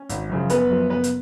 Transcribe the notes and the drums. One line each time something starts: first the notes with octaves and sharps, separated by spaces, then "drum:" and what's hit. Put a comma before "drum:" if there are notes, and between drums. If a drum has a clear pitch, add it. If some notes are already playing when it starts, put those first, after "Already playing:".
Already playing: C#4
G#1, drum: hi-hat
F#2 C#3 F3
F#1 B3 B4, drum: hi-hat
F#2 F3
F#1 B3 B4
drum: hi-hat